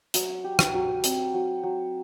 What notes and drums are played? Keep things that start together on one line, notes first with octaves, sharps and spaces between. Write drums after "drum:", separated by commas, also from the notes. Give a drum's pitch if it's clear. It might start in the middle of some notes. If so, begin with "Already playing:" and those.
F#3, drum: hi-hat
G4
drum: rim click
F#3
C4, drum: hi-hat
F#3
F#3